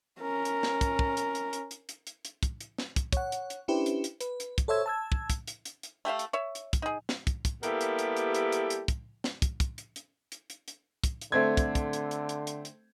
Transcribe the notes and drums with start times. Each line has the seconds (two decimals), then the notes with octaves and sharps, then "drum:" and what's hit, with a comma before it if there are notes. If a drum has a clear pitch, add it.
0.20 C#4 A#4
0.45 drum: hi-hat
0.63 drum: snare
0.81 drum: kick, hi-hat
0.99 drum: kick
1.17 drum: hi-hat
1.35 drum: hi-hat
1.53 drum: hi-hat
1.71 drum: hi-hat
1.89 drum: hi-hat
2.07 drum: hi-hat
2.25 drum: hi-hat
2.43 drum: kick, hi-hat
2.61 drum: hi-hat
2.78 drum: snare
2.96 drum: kick, hi-hat
3.13 C#5 F#5, drum: kick, hi-hat
3.32 drum: hi-hat
3.50 drum: hi-hat
3.68 C#4 D4 E4 G4 B4 C5
3.86 drum: hi-hat
4.04 drum: hi-hat
4.20 B4, drum: hi-hat
4.40 drum: hi-hat
4.58 drum: kick, hi-hat
4.68 A4 C5 C#5 E5 E6 G#6
4.86 A5 E6 G#6
5.12 drum: kick
5.30 drum: kick, hi-hat
5.47 drum: hi-hat
5.65 drum: hi-hat
5.83 drum: hi-hat
6.05 A3 G4 E5 F5
6.19 drum: hi-hat
6.33 C#5 E5
6.55 drum: hi-hat
6.73 drum: kick, hi-hat
6.82 D#4 G#4
7.09 drum: snare
7.27 drum: kick, hi-hat
7.45 drum: kick, hi-hat
7.63 G3 A#3 B3 E4 G4 A4, drum: hi-hat
7.81 drum: hi-hat
7.99 drum: hi-hat
8.17 drum: hi-hat
8.34 drum: hi-hat
8.52 drum: hi-hat
8.70 drum: hi-hat
8.88 drum: kick, hi-hat
9.24 drum: snare
9.42 drum: kick, hi-hat
9.60 drum: kick, hi-hat
9.78 drum: hi-hat
9.96 drum: hi-hat
10.32 drum: hi-hat
10.50 drum: hi-hat
10.68 drum: hi-hat
11.04 drum: kick, hi-hat
11.21 drum: hi-hat
11.32 D3 A3 C4 G#6
11.57 drum: kick, hi-hat
11.75 drum: kick, hi-hat
11.93 drum: hi-hat
12.11 drum: hi-hat
12.29 drum: hi-hat
12.47 drum: hi-hat
12.65 drum: hi-hat